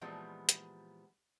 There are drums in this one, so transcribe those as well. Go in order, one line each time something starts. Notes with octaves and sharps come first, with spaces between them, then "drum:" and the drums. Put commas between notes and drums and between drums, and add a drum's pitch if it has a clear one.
A#2 E3 F3 G3 G#3 B3
drum: hi-hat